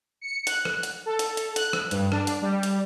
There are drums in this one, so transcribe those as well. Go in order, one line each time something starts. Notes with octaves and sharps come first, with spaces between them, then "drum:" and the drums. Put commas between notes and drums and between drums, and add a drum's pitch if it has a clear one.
C#7
F#6, drum: hi-hat
drum: rim click
drum: hi-hat
A4
drum: hi-hat
drum: hi-hat
F#6, drum: hi-hat
drum: rim click
G2, drum: hi-hat
D4, drum: rim click
drum: hi-hat
G3
drum: hi-hat